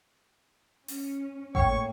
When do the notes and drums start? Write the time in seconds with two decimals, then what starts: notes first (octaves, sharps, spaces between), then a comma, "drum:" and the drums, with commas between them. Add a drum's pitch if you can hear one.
0.88 C#4, drum: open hi-hat
1.55 A2 A#3 C#5 F#5 G5 C#6, drum: kick G#1